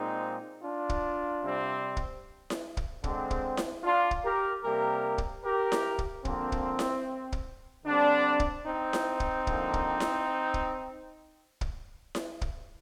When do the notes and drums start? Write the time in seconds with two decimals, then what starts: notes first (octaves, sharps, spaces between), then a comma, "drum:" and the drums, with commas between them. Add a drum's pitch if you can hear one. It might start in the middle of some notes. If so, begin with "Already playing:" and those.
Already playing: A#2 G#3 C4 D#4
0.63 D4 F4
0.89 drum: kick
1.43 C3 G3 C4
1.97 drum: kick
2.50 drum: snare E4
2.77 drum: kick
3.04 D3 G#3 C4, drum: kick
3.31 drum: kick
3.57 drum: snare E4
3.84 D4 F4
4.11 drum: kick
4.25 G4 A#4
4.64 C3 G3 A#3 G4 A#4
5.18 drum: kick
5.45 G4 A#4
5.72 drum: snare E4
5.98 drum: kick
6.25 D3 F3 A#3 C4, drum: kick
6.52 drum: kick
6.79 drum: snare E4
7.32 drum: kick
7.86 D3 G3 C4 D4
8.40 drum: kick
8.66 C4 D#4
8.93 drum: snare E4
9.20 drum: kick
9.47 D3 F3 A#3, drum: kick
9.74 drum: kick
10.00 drum: snare E4
10.54 drum: kick
11.61 drum: kick
12.15 drum: snare E4
12.41 drum: kick